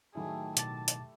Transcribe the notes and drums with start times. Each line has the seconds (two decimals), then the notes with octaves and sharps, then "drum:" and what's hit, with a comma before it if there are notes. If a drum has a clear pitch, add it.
0.15 A2 D#3 F#3 A3 E4 G4 G#4
0.57 B2 A5 D6 A6, drum: hi-hat
0.88 drum: hi-hat